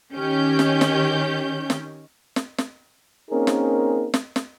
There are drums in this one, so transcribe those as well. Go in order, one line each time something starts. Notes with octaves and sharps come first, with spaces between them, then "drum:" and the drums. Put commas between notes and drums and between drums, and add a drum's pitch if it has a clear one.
D#3 C#4 G4 G6
drum: snare
drum: snare
drum: snare
drum: snare
drum: snare
A#3 C4 C#4 D#4 G#4 A#4
drum: snare
drum: snare
drum: snare